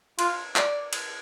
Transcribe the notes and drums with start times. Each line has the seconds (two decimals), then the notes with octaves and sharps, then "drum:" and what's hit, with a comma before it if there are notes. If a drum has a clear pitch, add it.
0.19 F4, drum: cymbal
0.56 D5, drum: clap
0.93 drum: cymbal